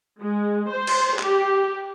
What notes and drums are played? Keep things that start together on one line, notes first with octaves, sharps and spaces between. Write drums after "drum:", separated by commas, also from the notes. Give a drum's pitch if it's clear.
G#3
C5
drum: cymbal
G4, drum: clap